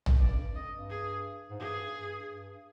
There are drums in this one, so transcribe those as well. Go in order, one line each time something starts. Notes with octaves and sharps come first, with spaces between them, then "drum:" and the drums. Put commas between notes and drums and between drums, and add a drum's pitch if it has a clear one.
drum: tom A1
G2 D5
F2
G2
F2 D#5
G2
G#4
G#2
G2 G#4
G2
G2